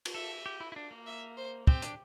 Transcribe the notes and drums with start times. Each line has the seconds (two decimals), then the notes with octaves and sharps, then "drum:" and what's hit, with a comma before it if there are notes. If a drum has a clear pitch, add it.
0.05 drum: cymbal
0.15 A4 E5
0.46 G4
0.60 E4
0.72 E4
0.76 D4
0.91 A#3
1.06 E5
1.37 C5
1.67 C4 G4, drum: kick
1.82 D4, drum: hi-hat